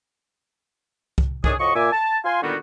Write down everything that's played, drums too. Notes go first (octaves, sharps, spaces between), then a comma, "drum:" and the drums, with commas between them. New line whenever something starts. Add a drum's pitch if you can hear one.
drum: kick C2
A2 D#3 C#4 D4 G#4, drum: kick C2
A2 F3 F#4 D#5 C#6
A#2 E5 G#5 D6
A5
F4 F5 G#5 C6
A#2 D3 D#3 G3 B3 F#4